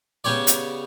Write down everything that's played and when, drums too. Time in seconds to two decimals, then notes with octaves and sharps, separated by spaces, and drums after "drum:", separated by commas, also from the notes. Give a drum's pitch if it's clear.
0.24 C#3 B3 G4 C#5 D5
0.47 drum: hi-hat